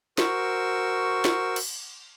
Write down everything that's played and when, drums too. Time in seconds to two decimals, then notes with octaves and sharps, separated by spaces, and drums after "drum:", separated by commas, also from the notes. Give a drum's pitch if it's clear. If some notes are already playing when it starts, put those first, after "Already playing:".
0.18 F#4 A#4 C5 C#6 E6, drum: snare
1.25 drum: snare
1.56 drum: cymbal